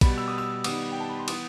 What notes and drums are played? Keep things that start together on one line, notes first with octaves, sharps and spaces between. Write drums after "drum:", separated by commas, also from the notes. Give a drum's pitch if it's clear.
B2 G3 B3 B5, drum: kick, cymbal
E6
D#6
E6
D#3 G3 B3 D#6, drum: cymbal
G5
A5
B5
C6
E3 B3 D#6, drum: cymbal